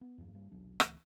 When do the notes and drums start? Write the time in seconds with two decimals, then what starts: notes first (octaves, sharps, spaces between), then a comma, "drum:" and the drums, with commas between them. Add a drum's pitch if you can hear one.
0.01 B3
0.18 E2 G2 F3 A#3
0.34 G2 G3 A#3
0.51 D#1 B1 F#3 D4
0.80 D1 C#2 E3 A3, drum: rim click